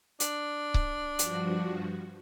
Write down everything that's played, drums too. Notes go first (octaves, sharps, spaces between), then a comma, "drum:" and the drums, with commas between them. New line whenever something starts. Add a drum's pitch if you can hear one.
D4, drum: hi-hat
drum: kick C#1
G2 F3 F#4, drum: hi-hat